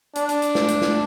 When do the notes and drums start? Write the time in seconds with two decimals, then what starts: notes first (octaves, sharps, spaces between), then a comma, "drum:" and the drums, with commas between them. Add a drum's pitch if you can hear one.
0.15 D4, drum: hi-hat
0.29 drum: hi-hat
0.42 drum: hi-hat
0.55 drum: snare
0.68 drum: hi-hat
0.82 drum: snare